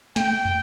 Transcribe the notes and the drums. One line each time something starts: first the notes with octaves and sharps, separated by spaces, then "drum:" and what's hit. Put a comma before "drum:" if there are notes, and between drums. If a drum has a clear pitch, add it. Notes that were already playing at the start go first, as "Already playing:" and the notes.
G5, drum: snare
drum: tom